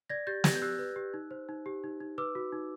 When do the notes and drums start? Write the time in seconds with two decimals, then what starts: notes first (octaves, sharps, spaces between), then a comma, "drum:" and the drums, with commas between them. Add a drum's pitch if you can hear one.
0.10 D5 G#6 A#6
0.27 G4 G6 A6
0.44 G4 G#6 A#6, drum: snare
0.55 G6
0.62 G4 E6 F#6
0.79 B4
0.96 G4
1.14 D#4
1.31 C5
1.49 D#4
1.66 G4
1.84 D#4
2.01 D#4
2.18 B4 D6 E6
2.35 F#4
2.52 D#4